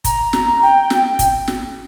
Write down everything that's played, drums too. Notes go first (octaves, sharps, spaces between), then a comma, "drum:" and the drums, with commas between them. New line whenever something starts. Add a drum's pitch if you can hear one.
A#5, drum: kick, hi-hat
drum: snare
G5
drum: snare
drum: kick, hi-hat
drum: snare